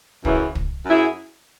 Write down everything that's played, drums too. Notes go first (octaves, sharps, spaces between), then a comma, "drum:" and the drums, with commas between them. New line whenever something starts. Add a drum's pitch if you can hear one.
F#2 C#3 E3, drum: kick
drum: kick
F#2 F#3 E4 G#4